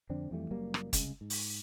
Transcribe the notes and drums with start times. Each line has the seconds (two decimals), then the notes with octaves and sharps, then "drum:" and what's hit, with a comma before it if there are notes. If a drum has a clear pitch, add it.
0.10 F2 D3 C4 D4
0.31 F2 E3 G3 A3
0.51 F#1 F#3 G3 A#3
0.74 drum: rim click
0.93 C2 C#3 G#3, drum: kick, hi-hat
1.21 G#2
1.30 drum: open hi-hat